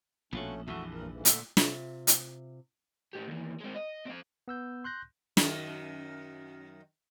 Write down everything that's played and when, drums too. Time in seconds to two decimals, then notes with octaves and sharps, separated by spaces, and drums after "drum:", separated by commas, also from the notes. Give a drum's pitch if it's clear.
0.33 A#1 B2 A3 C#4 F4 F#4
0.68 A#1 F2 E3 A3 F#4 E5
0.94 G2 A#2 A#4
1.10 F2 G#2 E3
1.25 A#2 D3 A3 A4, drum: hi-hat
1.57 C3 F4 E5, drum: snare
2.07 drum: hi-hat
3.13 A2 G4
3.28 D#2 E3
3.61 G#3 C4
3.75 D#5
4.06 C4 F5
4.48 B3 E6 G6
4.84 C6 F#6 G6 A#6
5.37 F#2 D#3, drum: snare